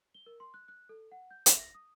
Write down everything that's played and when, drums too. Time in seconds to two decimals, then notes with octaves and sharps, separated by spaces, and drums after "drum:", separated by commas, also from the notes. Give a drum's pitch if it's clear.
0.14 G7
0.26 A#4
0.40 C6
0.54 F#6
0.68 F#6
0.89 A4
1.12 F#5
1.31 G6
1.46 E5, drum: hi-hat
1.59 A#6
1.74 D#6